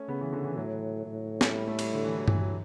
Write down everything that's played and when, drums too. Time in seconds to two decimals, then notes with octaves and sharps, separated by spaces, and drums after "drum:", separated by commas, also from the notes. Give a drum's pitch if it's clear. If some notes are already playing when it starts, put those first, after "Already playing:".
Already playing: A3 C#4
0.08 C#3 B3
0.21 E3
0.33 D3
0.44 E3
0.57 A2 F#3
1.06 A2
1.41 drum: snare
1.55 G3
1.68 A3
1.79 G3, drum: cymbal
1.94 D3
2.04 E3
2.16 F#3
2.28 E3, drum: tom G2
2.41 F#3